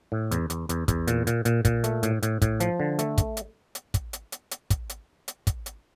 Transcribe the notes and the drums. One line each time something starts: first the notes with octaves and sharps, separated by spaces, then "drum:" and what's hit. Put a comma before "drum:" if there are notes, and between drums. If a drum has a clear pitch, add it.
A2
E2, drum: hi-hat
E2, drum: hi-hat
E2, drum: hi-hat
E2, drum: kick, hi-hat
A#2, drum: hi-hat
A#2, drum: hi-hat
A#2, drum: hi-hat
A#2, drum: kick, hi-hat
A3, drum: hi-hat
A2, drum: hi-hat
A2, drum: hi-hat
A2, drum: kick, hi-hat
F3, drum: hi-hat
D3
A3, drum: hi-hat
drum: kick, hi-hat
drum: hi-hat
drum: hi-hat
drum: kick, hi-hat
drum: hi-hat
drum: hi-hat
drum: hi-hat
drum: kick, hi-hat
drum: hi-hat
drum: hi-hat
drum: kick, hi-hat
drum: hi-hat